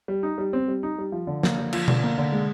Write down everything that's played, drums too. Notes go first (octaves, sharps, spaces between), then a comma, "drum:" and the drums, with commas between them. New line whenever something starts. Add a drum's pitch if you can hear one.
G3
D#4
G3
C4
G3
D#4
G3
F3
D3
A#3, drum: snare
D3
F3, drum: cymbal
D3, drum: tom B2
A#3
D3
G#3